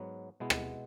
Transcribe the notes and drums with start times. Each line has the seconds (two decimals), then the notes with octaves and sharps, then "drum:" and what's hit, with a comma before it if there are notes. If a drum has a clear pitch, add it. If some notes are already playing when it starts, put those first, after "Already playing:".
Already playing: G#2 F#3 B3
0.40 B2 G#3 B3 E4
0.50 drum: rim click